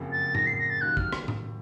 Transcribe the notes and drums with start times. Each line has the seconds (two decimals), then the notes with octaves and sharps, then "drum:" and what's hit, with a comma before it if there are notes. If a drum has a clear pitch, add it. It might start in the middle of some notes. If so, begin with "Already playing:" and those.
Already playing: F#1 F2 C#3
0.12 A6
0.35 A#6, drum: tom A2
0.46 C7
0.59 A#6
0.70 A6
0.81 D#2 D#3 F#3 F#6
0.97 F6, drum: kick
1.13 drum: rim click
1.28 drum: tom A2